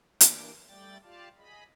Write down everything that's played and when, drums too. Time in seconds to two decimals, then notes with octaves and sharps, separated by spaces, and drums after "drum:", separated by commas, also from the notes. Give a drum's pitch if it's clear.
0.21 E3 A#3 D4 D6, drum: hi-hat
0.68 G3 A3 D5 G5 A6
1.03 F4 G4 D5 F5 A5
1.38 G#4 D#5 B5